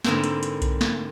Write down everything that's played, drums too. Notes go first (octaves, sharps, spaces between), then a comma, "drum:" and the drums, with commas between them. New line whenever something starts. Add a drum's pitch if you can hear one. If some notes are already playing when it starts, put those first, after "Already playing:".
G#2 D3 A#3 C4 E4, drum: snare
drum: hi-hat
drum: hi-hat
drum: kick B1, hi-hat
drum: snare